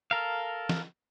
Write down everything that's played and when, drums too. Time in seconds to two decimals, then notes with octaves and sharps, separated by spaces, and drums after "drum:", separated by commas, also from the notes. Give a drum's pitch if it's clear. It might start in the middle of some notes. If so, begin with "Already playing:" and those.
0.11 A4 A#4 F5
0.69 drum: snare